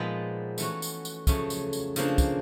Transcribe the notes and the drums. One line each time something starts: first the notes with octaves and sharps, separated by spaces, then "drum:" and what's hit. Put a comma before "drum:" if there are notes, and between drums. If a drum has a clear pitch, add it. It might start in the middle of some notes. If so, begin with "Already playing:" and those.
Already playing: A#2 F3 G#3 B3 D#4
E3 A3 C#4 F#4, drum: tambourine
drum: tambourine
drum: tambourine
F2 C#3 F#3 A3 C#4, drum: kick, tambourine
drum: tambourine
drum: tambourine
C#3 F3 A#3 D4, drum: tambourine
drum: kick, tambourine